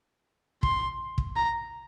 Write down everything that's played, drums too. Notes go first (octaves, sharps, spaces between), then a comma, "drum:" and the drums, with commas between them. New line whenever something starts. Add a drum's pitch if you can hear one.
C6, drum: kick
drum: kick
A#5